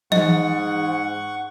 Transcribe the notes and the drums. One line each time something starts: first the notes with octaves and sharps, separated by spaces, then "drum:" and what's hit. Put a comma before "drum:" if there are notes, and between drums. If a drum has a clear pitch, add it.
G#2 D#5 F#5 C#6, drum: tom E3